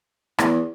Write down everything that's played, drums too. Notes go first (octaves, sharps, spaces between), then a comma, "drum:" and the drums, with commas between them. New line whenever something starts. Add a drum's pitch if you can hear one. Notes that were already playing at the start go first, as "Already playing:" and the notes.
E2, drum: rim click